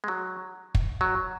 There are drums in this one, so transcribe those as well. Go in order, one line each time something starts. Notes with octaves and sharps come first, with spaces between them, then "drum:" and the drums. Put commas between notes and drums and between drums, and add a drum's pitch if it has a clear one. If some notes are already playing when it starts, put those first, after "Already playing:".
G#3
F#3
drum: kick
F#3